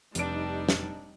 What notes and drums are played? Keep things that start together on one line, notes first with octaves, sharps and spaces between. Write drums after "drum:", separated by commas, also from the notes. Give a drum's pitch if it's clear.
F1 G3 D4 D#4 D7, drum: hi-hat
drum: snare